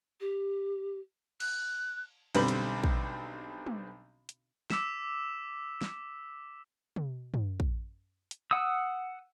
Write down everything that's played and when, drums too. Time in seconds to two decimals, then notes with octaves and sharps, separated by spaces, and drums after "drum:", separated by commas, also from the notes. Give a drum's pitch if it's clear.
0.20 G4
1.40 F#6, drum: cymbal
2.35 B1 D3 G3 C4 B5, drum: cymbal
2.48 drum: hi-hat
2.84 drum: kick
3.66 drum: tom
4.29 drum: hi-hat
4.70 D6 E6 B6 E7, drum: snare
5.81 drum: snare
6.96 drum: tom
7.34 drum: tom
7.60 drum: kick
8.31 drum: hi-hat
8.51 F#5 D#6 E6